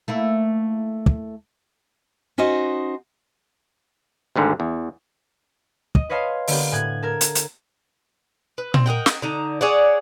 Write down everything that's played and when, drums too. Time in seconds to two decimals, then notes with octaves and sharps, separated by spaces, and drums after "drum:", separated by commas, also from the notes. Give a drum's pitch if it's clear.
0.08 A3 A#3 E4
1.06 drum: kick
2.38 C#4 D#4 F#4 C5 D#5
4.36 G#1 D2 G#2 D3
4.60 E2
5.95 D#5, drum: kick
6.09 B4 C#5 D#5 F5 A5 C6
6.47 D3 A#3 B3 G4, drum: open hi-hat
6.72 A2 G#5 F#6 G#6
7.03 A4 A#4 G#6
7.21 drum: hi-hat
7.35 drum: hi-hat
8.58 B4
8.74 C4, drum: tom A#2
8.86 A#4 D#5 F#5 G5
9.06 drum: snare
9.22 D3 D#4 A#5
9.61 G#4 C#5 D5 F#5